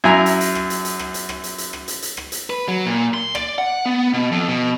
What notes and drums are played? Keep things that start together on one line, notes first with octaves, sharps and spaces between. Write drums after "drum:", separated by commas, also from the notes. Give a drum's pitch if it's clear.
F#2 E4 G#5 A#5
drum: hi-hat
drum: hi-hat
drum: rim click
drum: hi-hat
drum: hi-hat
drum: rim click
drum: hi-hat
drum: rim click
drum: hi-hat
drum: hi-hat
drum: rim click
drum: hi-hat
drum: hi-hat
drum: rim click
drum: hi-hat
B4
F#3
A#2
C6
D5, drum: rim click
F#5
B3
B2
F2
B2